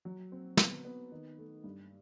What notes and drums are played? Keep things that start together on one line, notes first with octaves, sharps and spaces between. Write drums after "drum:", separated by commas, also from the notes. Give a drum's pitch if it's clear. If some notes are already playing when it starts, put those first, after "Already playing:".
F#3
C4
B3, drum: snare
B3
D#3
A3
G2